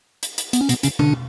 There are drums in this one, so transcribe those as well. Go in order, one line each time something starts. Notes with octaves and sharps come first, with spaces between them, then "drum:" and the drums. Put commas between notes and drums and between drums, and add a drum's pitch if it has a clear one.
drum: hi-hat
drum: hi-hat
B3, drum: hi-hat
C#4
B2 B3, drum: hi-hat
C#3 C#4, drum: hi-hat
D3 D4, drum: tom B2